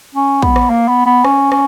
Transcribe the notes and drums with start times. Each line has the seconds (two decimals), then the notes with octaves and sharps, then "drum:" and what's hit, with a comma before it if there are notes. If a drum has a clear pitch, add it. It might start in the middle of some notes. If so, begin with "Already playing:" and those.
0.15 C#4
0.42 B3, drum: kick
0.56 drum: rim click
0.70 A#3
0.88 B3
1.06 B3
1.24 C#4, drum: rim click
1.52 C#4, drum: rim click